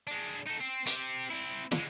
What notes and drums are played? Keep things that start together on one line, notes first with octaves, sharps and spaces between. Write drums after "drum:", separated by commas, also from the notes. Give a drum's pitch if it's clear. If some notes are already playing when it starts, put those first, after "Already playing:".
G#3 D4
D#4 A4
C4
C4 G4, drum: hi-hat
C4 E4
D3 G#3, drum: snare